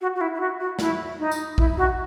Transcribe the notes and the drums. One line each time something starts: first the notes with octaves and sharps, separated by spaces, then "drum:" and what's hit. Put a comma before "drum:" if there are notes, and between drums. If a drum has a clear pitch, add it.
F#4
F#4
E4
E4
F#4
F#4
E4, drum: snare
D#4
drum: tambourine
E4, drum: kick A#1
F#4